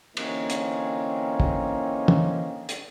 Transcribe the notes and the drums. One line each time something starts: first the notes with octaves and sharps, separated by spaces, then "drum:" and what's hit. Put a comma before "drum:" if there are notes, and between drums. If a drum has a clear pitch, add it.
D3 E3 A#3 C4 C#4 D#4, drum: cymbal
drum: hi-hat
drum: kick
drum: tom
drum: hi-hat